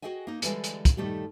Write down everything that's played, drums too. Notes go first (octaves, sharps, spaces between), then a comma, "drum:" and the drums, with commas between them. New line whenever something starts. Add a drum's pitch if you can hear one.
F#4 G#4 D#5 G5 G#5
A#3 D#4
D3 E3 G3 G#3, drum: hi-hat
drum: hi-hat
drum: kick, hi-hat
D#3 G3 A3 G4 A4